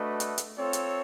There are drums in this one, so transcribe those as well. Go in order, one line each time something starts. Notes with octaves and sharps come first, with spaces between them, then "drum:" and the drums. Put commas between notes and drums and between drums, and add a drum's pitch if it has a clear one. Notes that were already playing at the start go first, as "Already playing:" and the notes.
Already playing: A3 D4 F#4 B4 D#5
drum: hi-hat
drum: hi-hat
C4 F4 A4 C#5
drum: hi-hat